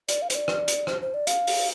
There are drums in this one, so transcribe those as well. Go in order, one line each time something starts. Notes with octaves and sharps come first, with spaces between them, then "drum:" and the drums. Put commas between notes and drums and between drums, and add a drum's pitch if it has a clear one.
D5, drum: hi-hat
F5
C5, drum: hi-hat
D5
drum: rim click
drum: hi-hat
C5, drum: rim click
C5
D5
F5, drum: hi-hat
drum: open hi-hat